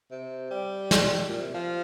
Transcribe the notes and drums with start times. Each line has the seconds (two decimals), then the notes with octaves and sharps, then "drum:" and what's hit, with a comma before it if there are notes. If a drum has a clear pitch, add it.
0.11 C3
0.51 G3
0.91 drum: snare
1.29 A#2
1.41 C3
1.54 F3